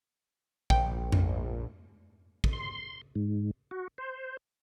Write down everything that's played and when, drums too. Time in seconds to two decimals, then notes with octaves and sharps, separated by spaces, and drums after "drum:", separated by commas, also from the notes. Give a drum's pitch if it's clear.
0.70 A#1 G5, drum: kick
1.12 drum: tom F2
2.44 drum: kick
2.53 C6
3.15 G#2
3.71 F#4
3.98 C5